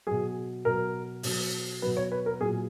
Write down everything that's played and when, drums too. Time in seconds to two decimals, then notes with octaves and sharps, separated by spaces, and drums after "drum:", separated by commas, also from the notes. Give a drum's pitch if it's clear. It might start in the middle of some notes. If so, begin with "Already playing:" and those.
0.07 B2 F#3 G#4
0.65 B2 F#3 A#4
1.23 B2 F#3, drum: open hi-hat
1.82 B2 F#3 B4
1.97 C#5
2.12 B4
2.26 A#4
2.41 A#2 F#3 G#4